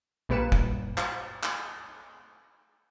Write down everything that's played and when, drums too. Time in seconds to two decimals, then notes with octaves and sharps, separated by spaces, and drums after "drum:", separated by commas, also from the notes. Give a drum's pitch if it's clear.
0.29 A#1 A#2 G3 B4 C#7 E7
0.52 drum: kick
0.98 drum: clap
1.43 drum: clap